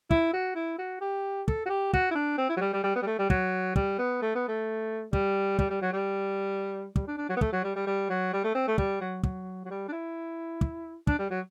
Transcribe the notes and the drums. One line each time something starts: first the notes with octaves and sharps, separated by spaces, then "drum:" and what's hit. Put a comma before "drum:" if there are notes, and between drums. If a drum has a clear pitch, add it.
E4, drum: kick
F#4
E4
F#4
G4
A4, drum: kick
F#4
G4
F#4, drum: kick
E4
D4
C4
E4
F#3
G3
G3
G3
B3
G3
A3
G3
F#3, drum: kick
G3, drum: kick
B3
A3
B3
A3
G3, drum: kick
G3, drum: kick
G3
F#3
G3
G3, drum: kick
D4
D4
F#3
B3
A3, drum: kick
F#3
G3
G3
G3
F#3
G3
A3
C4
A3
G3, drum: kick
F#3
F#3, drum: kick
F#3
G3
D4
E4
drum: kick
D4, drum: kick
G3
F#3